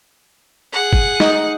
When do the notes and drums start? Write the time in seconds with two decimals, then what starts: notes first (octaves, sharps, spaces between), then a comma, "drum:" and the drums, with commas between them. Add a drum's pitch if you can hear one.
0.73 G#4 F#5
0.93 drum: kick G1
1.20 D#4, drum: snare